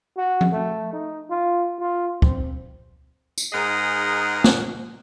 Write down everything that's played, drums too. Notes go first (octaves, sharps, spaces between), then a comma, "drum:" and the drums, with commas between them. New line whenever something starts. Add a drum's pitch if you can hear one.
F#4
drum: tom F3
A3
D#4
F4
F4
C4, drum: kick
drum: tambourine
G#2 D#4 G#4 A#4 D#5 F#5
drum: snare A#3